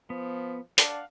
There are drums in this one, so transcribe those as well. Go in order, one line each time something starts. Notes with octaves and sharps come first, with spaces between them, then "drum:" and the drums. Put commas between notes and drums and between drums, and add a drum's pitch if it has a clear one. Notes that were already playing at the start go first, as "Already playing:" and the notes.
F3 B3
D4 F5 F#5, drum: hi-hat